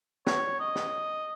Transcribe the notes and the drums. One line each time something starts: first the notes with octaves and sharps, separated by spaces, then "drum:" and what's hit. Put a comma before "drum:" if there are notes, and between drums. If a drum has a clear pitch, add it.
C#5, drum: snare
D#5
drum: snare